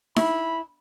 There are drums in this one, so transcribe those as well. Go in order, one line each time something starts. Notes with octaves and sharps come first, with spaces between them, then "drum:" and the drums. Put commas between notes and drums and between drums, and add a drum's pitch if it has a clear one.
E4 B5, drum: snare D#4